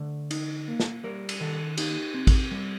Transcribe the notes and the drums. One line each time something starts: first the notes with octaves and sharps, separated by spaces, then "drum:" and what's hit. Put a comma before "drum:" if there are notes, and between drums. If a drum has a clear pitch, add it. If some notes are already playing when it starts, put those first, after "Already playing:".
Already playing: D3 A3
D#4, drum: cymbal
A#3
drum: snare
G3 A#4
drum: cymbal
D#3 A4
D#4 G4, drum: cymbal
C4
drum: kick, cymbal
G3